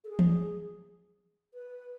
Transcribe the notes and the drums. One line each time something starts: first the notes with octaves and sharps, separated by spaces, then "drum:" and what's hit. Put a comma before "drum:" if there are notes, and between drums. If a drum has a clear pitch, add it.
A4
G#4
drum: tom
B4